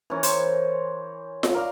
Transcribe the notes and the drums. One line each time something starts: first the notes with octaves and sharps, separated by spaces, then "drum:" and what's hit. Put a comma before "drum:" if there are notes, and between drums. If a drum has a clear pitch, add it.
E3 C#4 A#4
C5 C#5, drum: hi-hat
drum: snare F4
A#4 D5 F5